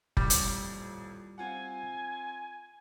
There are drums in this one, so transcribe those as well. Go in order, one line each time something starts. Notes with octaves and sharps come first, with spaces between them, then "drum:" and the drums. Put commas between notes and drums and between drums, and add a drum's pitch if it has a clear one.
D#1 A1 F2 G3, drum: kick F1
drum: hi-hat
C4 F4 F#5 G#5